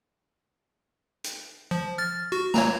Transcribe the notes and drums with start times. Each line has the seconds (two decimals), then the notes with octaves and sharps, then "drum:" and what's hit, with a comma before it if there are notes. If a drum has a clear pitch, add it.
1.24 drum: hi-hat
1.71 F3
1.98 F6 A6
2.32 F#4
2.54 C#5 A#5, drum: snare